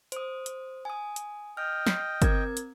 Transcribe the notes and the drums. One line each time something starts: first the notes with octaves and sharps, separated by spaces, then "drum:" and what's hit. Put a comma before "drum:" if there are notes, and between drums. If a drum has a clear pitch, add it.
C5 D#6, drum: hi-hat
drum: hi-hat
G#5 D#6
drum: hi-hat
D#5 G5 F6
drum: snare
C4 A#4 G#6, drum: kick G1, hi-hat
drum: hi-hat